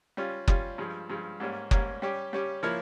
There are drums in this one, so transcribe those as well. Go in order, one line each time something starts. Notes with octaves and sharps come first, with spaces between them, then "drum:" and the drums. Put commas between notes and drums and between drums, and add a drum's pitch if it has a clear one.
G3 C#4 F4
G3 C#4 F4, drum: kick F#1
G2 F3 G#3
G2 F3 G#3
G#2 G3 A#3 C#4
G#2 G3 A#3 C#4, drum: kick F#1
G3 C#4 G4
G3 C#4 G4
F3 A#3 E4 A#4 C#5